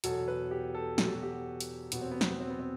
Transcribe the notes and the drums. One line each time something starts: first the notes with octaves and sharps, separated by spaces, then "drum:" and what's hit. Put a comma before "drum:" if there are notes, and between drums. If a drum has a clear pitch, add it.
E2 B2 F#3 A4, drum: hi-hat
B4
G4
A4
E2 B2 F#3 A4, drum: snare
G4
F#4
G4
drum: hi-hat
E2 B2 F#3 B3, drum: hi-hat
C4
B3
C4, drum: snare
B3
C4
B3
C4